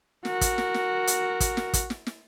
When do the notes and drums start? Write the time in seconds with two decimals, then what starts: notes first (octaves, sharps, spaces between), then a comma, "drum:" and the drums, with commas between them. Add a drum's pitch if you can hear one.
0.25 F#4 A#4, drum: snare
0.41 drum: kick, hi-hat
0.58 drum: snare
0.74 drum: snare
1.07 drum: hi-hat
1.40 drum: kick, hi-hat
1.57 drum: snare
1.73 drum: kick, hi-hat
1.90 drum: snare
2.07 drum: snare